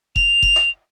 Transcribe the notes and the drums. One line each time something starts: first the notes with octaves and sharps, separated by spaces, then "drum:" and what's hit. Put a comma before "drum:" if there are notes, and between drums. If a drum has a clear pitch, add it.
F7, drum: kick F1
drum: kick F1
drum: rim click